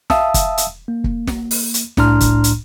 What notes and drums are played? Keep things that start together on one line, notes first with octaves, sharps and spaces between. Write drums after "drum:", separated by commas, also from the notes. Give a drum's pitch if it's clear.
E5 F5 A5 D#6 E6, drum: snare
drum: kick, hi-hat
drum: hi-hat
A#3
drum: kick
drum: snare
drum: open hi-hat
drum: hi-hat
C2 A2 D4 A#5 C6 F6, drum: snare
drum: kick, hi-hat
drum: hi-hat